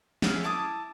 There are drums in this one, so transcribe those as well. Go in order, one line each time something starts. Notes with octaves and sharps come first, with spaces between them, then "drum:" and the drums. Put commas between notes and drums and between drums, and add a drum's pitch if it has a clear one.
B3 C#4 E4 G#4, drum: snare
E4 A5 D6 D#6